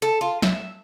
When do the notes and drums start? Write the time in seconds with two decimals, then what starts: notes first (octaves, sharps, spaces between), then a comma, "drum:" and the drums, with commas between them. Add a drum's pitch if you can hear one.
0.02 A4
0.21 F4
0.42 E5, drum: snare